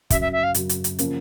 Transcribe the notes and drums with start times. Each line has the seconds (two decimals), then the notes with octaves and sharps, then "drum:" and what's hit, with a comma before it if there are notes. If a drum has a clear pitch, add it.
0.10 F#2 C#3 F#3 E5, drum: kick, hi-hat
0.21 E5
0.32 E5
0.43 F5
0.55 F#2 C#3 F#3, drum: hi-hat
0.69 drum: hi-hat
0.84 drum: hi-hat
0.99 C#3 F3 A#3 C#4, drum: hi-hat